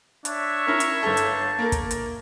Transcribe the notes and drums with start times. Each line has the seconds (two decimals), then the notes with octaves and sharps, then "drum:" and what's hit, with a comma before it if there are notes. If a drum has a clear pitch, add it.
0.25 D4 C#5 E5, drum: hi-hat
0.67 C#4 E4 A#4 A5
0.80 drum: hi-hat
1.03 G1 A4 A5
1.17 drum: hi-hat
1.58 A#3 A#4
1.72 drum: kick, hi-hat
1.91 drum: hi-hat